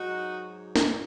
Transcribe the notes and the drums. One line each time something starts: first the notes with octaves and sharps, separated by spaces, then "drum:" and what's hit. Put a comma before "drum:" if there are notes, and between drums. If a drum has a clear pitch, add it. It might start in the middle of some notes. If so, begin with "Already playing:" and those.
Already playing: G#2 F#3 D#4 F#4
A#2, drum: snare